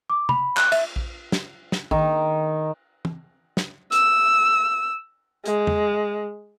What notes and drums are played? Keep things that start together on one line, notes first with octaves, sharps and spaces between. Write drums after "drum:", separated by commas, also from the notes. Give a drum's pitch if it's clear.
D6
B5, drum: tom
F#6, drum: clap
E5, drum: cymbal
drum: kick A#1
drum: snare
drum: snare
D#3, drum: kick A#1
drum: tom
drum: snare
E6, drum: hi-hat
G#3, drum: hi-hat
drum: tom